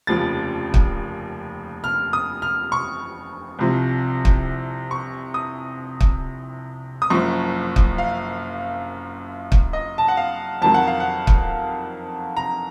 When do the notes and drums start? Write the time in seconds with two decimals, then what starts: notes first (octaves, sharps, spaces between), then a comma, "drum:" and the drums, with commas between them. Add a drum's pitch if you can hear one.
0.07 F1 D#2 C#3 F3 A6
0.74 drum: kick
1.84 F6
2.13 D#6
2.42 F6
2.72 C#6
3.59 C2 C3 F3
4.25 drum: kick
4.91 C#6
5.34 D#6
6.01 drum: kick
7.02 D#6
7.10 F#1 F#2 F3 C#6
7.76 drum: kick
7.98 F5
9.52 drum: kick
9.73 D#5
9.98 A5
10.08 F#5
10.17 F5
10.62 F2 D#3 F#3 A5
10.74 F#5
10.87 F5
11.00 F#5
11.27 drum: kick
12.37 A#5